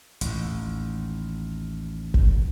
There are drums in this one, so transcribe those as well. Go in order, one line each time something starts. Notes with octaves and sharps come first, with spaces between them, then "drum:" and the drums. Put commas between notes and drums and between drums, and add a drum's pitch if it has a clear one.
A1 D#2, drum: hi-hat
drum: kick